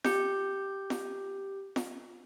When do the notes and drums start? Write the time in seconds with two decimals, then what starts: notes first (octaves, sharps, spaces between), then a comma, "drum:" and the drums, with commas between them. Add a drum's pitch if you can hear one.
0.04 G4 G6, drum: snare
0.90 drum: snare
1.76 drum: snare